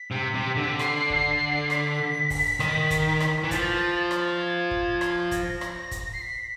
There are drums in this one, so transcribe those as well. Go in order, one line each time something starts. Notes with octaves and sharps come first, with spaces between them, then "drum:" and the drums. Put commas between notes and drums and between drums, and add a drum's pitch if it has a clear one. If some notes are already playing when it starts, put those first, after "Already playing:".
Already playing: B6
C3
C3
D3
C7, drum: rim click
drum: kick
B6, drum: rim click
drum: kick, open hi-hat
D#3, drum: rim click
drum: kick, hi-hat
drum: rim click
E3
F3 A6, drum: kick, hi-hat
drum: rim click
G#6
drum: kick
drum: rim click
A#6, drum: kick, hi-hat
drum: rim click
drum: kick, hi-hat
C7
B6